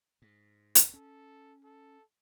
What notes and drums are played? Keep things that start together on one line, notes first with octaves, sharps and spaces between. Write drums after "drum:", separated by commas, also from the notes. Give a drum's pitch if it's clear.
G#2
drum: hi-hat
C#4 A4
A4